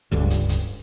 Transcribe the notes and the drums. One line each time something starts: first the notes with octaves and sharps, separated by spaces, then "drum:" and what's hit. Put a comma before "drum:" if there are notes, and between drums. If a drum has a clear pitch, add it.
D1 C#2 G2 D3
drum: hi-hat
drum: hi-hat